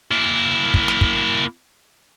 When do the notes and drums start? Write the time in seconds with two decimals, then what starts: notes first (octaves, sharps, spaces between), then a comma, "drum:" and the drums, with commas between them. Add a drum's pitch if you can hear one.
0.11 A#3 E4
0.74 drum: kick
0.88 drum: snare
1.01 drum: kick